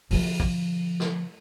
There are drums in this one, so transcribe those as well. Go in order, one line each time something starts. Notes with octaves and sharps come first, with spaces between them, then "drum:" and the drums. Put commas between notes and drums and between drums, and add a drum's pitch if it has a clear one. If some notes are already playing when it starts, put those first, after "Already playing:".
D3 F3, drum: open hi-hat
drum: kick
drum: snare